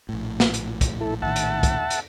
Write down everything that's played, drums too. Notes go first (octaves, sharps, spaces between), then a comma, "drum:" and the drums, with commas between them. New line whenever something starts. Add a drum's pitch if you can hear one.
A#1 A2
drum: snare
drum: hi-hat
drum: kick, hi-hat
E4 A4
A#1 A2 D#3 E5 F#5 A5
drum: hi-hat
drum: kick, hi-hat
drum: hi-hat